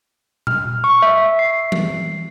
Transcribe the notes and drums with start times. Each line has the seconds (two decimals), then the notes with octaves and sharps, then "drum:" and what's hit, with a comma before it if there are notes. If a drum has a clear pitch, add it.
0.47 F6, drum: tom A#2
0.84 C#6
1.02 E5
1.39 C7
1.72 drum: tom E3